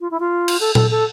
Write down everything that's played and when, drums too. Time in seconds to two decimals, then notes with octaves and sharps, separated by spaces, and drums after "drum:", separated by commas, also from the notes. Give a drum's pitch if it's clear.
0.01 F4
0.11 E4
0.20 F4
0.48 drum: cymbal
0.60 A4
0.75 A4, drum: tom A#2
0.91 A4